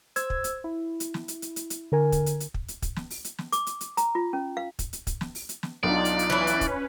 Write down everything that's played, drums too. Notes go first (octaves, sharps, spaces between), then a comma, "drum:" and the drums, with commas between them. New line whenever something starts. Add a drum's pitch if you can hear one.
C5 E6 G#6, drum: hi-hat
drum: kick
drum: hi-hat
E4
drum: hi-hat
drum: snare
drum: hi-hat
drum: hi-hat
drum: hi-hat
drum: hi-hat
D3 A#4 G#5
drum: kick, hi-hat
drum: hi-hat
drum: hi-hat
drum: kick
drum: hi-hat
drum: kick, hi-hat
drum: snare
drum: open hi-hat
drum: hi-hat
drum: snare
D6, drum: hi-hat
drum: hi-hat
drum: hi-hat
A#5, drum: hi-hat
F4
C#4
F5
drum: kick, hi-hat
drum: hi-hat
drum: kick, hi-hat
drum: snare
drum: open hi-hat
drum: hi-hat
drum: snare
B1 D4 D#4 F4 D5
drum: hi-hat
drum: hi-hat
E3 C#4 E4 B4
drum: hi-hat
drum: kick, hi-hat